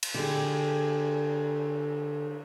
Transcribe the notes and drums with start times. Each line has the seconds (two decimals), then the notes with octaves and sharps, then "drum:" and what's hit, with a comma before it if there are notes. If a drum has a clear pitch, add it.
0.03 drum: cymbal
0.14 D3 G4 G#4